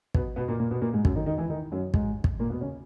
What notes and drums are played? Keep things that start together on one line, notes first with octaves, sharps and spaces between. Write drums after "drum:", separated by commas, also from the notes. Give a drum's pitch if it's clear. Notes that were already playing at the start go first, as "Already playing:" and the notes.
B2 B3, drum: kick
B2 B3
A#2 A#3
A#2 A#3
B2 B3
A#2 A#3
G#2 G#3
F#2 F#3, drum: kick
D#3 D#4
D#3 D#4
E3 E4
D#3 D#4
F#2 F#3
G#2 G#3, drum: kick
drum: kick
A#2 A#3
B2 B3
C#3 C#4